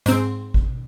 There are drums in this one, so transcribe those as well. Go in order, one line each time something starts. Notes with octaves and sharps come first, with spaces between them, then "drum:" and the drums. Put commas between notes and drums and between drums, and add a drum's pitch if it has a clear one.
G#2 C4, drum: hi-hat
drum: kick